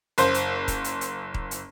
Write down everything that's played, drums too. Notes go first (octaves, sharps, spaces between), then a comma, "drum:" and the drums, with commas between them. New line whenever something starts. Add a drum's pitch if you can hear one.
F#1 C5, drum: hi-hat
drum: hi-hat
drum: kick D#1, hi-hat
drum: hi-hat
drum: hi-hat
drum: kick D#1
drum: hi-hat